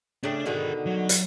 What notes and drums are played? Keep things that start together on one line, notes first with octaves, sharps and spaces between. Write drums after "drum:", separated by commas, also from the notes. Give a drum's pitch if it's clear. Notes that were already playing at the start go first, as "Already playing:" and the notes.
C#3 A3 D4
B2 D3 D#3 G#4 A#4
F#3
drum: hi-hat